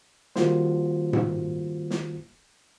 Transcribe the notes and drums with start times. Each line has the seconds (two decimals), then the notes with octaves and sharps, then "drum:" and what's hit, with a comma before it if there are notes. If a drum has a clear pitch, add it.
0.36 D#3 G3 A#3 F4 F#4 C5, drum: snare
1.13 drum: tom G#2
1.90 drum: snare